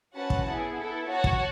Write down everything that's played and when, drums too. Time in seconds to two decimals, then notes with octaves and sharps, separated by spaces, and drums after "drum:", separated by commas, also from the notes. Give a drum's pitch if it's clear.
0.14 C#4 F#4 B4 F#5 A5
0.30 drum: kick
0.46 B3 E4 G#4
0.78 B3 E4 A4
1.09 F#4 C#5 F#5 A5
1.24 drum: kick